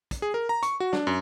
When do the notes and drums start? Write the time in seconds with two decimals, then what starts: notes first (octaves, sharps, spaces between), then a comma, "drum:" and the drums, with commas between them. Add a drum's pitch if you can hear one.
0.11 drum: kick, hi-hat
0.22 G#4
0.34 A#4
0.49 A#5
0.63 C#6, drum: hi-hat
0.80 F#4
0.93 D4, drum: snare
1.07 F#2